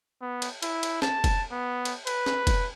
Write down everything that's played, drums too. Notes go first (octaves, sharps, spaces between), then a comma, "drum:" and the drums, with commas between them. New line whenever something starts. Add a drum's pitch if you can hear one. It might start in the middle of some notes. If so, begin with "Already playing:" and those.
B3
drum: cymbal
E4, drum: cymbal
drum: cymbal
A5, drum: snare
drum: kick, cymbal
B3
drum: cymbal
B4, drum: cymbal
drum: snare
drum: kick, cymbal